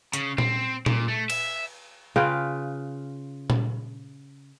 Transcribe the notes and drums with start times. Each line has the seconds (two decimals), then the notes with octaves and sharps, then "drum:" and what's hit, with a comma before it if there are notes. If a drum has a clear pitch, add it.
0.13 C#3, drum: hi-hat
0.38 C4, drum: tom A#2
0.86 A#2, drum: tom A#2
1.08 A3
1.30 E5, drum: cymbal
2.16 C#3 F4 B4 G5
3.50 drum: tom A#2